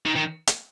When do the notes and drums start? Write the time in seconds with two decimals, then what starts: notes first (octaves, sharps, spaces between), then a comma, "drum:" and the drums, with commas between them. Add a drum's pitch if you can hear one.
0.06 D#3
0.16 D#3
0.47 drum: hi-hat